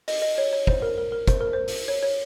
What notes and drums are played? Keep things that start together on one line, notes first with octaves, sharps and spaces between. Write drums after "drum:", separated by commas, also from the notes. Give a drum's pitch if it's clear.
D#5, drum: open hi-hat
D#5
C#5
C#5
C5, drum: kick
A#4
A#4
A#4
C5, drum: kick, hi-hat
A#4
C5
drum: open hi-hat
C#5
C#5